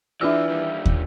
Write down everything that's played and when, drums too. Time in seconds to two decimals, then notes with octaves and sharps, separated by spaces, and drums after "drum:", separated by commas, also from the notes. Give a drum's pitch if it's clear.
0.21 E3 D4 F4 F#4 D5 E5 E6 F6
0.49 D#3 G3
0.86 drum: kick